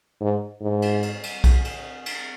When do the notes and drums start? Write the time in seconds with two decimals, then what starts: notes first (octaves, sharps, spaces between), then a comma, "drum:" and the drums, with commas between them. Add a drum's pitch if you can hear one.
0.21 G#2
0.61 G#2
0.82 drum: cymbal
1.03 drum: cymbal
1.23 drum: cymbal
1.44 drum: kick B1, cymbal
1.65 drum: cymbal
2.06 drum: cymbal